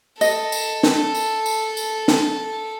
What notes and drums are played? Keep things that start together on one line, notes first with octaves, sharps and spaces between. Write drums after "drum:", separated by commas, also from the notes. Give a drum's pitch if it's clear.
A4 D#5, drum: tambourine
drum: tambourine
drum: snare
drum: tambourine
drum: tambourine
drum: tambourine
drum: snare